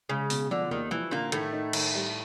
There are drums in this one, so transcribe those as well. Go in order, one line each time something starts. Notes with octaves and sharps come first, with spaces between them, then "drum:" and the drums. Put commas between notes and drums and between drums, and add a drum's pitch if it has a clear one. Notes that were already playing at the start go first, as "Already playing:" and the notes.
C#3 G#3
B2, drum: open hi-hat
D3 F3
D#2 D#3
E3 F3
A#2 D3 A#3
A2 D#3 A3, drum: hi-hat
D#4
D#3, drum: cymbal
G3